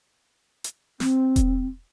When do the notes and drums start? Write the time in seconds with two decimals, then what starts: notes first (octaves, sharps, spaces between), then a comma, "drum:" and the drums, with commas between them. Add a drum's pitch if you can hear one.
0.64 drum: hi-hat
1.00 C4, drum: snare
1.36 drum: kick E1, hi-hat